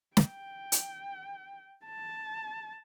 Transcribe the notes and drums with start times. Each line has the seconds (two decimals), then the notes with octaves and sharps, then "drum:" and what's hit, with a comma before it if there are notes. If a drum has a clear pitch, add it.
0.17 G5, drum: snare
0.72 drum: hi-hat
1.86 A5